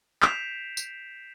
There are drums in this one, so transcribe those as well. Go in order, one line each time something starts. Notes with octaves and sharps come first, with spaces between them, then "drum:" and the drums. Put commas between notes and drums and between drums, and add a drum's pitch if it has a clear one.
G6 B6 C7 D7 E7 F7, drum: clap
drum: tambourine